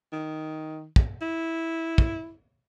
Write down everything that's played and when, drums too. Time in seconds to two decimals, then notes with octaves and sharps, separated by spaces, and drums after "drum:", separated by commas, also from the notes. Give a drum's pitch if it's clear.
0.13 D#3
0.96 drum: kick
1.22 E4
1.98 drum: kick